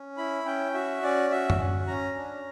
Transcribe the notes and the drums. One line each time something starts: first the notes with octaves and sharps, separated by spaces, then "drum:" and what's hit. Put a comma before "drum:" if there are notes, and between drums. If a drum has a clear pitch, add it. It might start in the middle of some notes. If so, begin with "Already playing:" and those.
Already playing: C#4
E4 B5
C#4 G5
F#4 E5
C#4 D5
F#4 E5
drum: tom F#2
C#4
C#4 A#5
D4